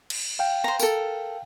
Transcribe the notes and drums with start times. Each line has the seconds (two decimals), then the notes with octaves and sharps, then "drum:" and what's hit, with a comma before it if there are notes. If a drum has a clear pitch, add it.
0.10 drum: cymbal
0.39 F5 G5
0.64 C5 A#5
0.79 A4 A#4, drum: tambourine